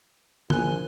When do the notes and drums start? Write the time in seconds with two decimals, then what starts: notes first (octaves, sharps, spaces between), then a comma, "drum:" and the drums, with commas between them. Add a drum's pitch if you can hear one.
0.50 A#1 G#5 F#6 G7, drum: tom